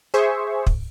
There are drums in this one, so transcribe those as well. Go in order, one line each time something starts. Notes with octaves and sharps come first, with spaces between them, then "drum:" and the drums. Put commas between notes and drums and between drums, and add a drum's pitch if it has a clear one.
G#4 C5 E5 C#6
drum: kick